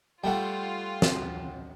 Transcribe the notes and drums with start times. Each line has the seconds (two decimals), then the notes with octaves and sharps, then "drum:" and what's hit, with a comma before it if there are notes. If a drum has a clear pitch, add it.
0.24 G3 A3 F4 F#5 G5
1.02 drum: snare